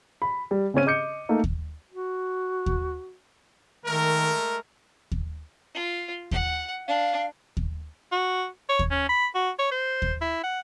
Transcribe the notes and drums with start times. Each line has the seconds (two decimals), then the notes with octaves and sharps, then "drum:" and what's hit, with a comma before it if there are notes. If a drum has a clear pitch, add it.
0.22 B5
0.51 G3
0.74 C#3 C4 C#4 D#7
0.86 D#5 D6 G6 C#7
1.29 A3 A#3 D#4
1.44 drum: kick D#2
1.91 F#4
2.66 drum: kick D#2
3.86 D#3 G#3 A3 A#4
5.12 drum: kick D#2
5.74 F4
6.31 F#5, drum: kick D#2
6.87 D4 F5
7.57 drum: kick D#2
8.12 F#4
8.69 C#5
8.79 drum: kick D#2
8.91 C#4
9.09 B5
9.35 F#4
9.59 C#5
9.71 C5
10.02 drum: kick D#2
10.21 E4
10.43 F#5